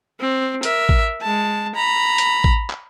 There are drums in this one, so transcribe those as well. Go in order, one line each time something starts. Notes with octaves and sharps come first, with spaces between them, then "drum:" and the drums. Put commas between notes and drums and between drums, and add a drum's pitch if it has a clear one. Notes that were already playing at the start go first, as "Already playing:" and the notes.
C4
A#4 E5, drum: hi-hat
drum: kick A1
G#3 A5
A#5 B5
drum: hi-hat
drum: kick A1
drum: clap